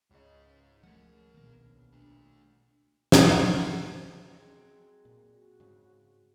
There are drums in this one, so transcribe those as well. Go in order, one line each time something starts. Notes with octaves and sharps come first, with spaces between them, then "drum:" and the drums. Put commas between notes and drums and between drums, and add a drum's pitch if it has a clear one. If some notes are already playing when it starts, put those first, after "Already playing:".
C#2 G#2 C#3 D#5
F3 A3 A#4 F#5
A#1 B2 D#3 A#3
A3 D4
drum: snare
F#3 G#3 C4
A#2
F#4
G#2 C#3